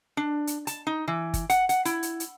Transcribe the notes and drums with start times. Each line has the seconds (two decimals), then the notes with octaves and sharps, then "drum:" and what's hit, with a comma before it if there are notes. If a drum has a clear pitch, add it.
0.17 D4
0.47 drum: hi-hat
0.67 A5, drum: hi-hat
0.87 D#4
1.08 E3
1.34 drum: kick, hi-hat
1.50 F#5, drum: hi-hat
1.69 F#5, drum: hi-hat
1.85 E4, drum: hi-hat
2.03 drum: hi-hat
2.20 drum: hi-hat